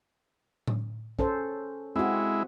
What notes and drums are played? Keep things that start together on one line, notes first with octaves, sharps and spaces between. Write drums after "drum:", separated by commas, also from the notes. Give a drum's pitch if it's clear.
drum: tom A2
C#4 A4 C5, drum: kick
G#3 C4 E4 F#4